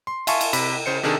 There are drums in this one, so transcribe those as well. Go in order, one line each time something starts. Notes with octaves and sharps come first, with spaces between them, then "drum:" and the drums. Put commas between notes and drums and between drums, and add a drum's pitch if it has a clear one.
C6
E5 F5 G#5 A5 C6 C#6, drum: cymbal
drum: cymbal
C3 B5, drum: cymbal
C#3 C5 C#7
C3 D#3 D4 G#4 A4